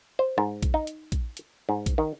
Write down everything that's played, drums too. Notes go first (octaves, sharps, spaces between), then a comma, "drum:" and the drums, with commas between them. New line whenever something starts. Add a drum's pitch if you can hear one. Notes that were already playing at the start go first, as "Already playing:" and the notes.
C5
G#2, drum: rim click
drum: kick A#1, hi-hat
D#4
drum: hi-hat
drum: kick A#1, hi-hat
drum: hi-hat
G#2
drum: kick A#1, hi-hat
D#3